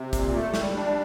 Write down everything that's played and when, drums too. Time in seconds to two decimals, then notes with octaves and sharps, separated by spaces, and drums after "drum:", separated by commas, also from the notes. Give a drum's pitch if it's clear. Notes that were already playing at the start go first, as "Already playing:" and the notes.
Already playing: C3
0.13 A#2, drum: kick A1, hi-hat
0.33 A3
0.54 G3, drum: snare
0.74 D4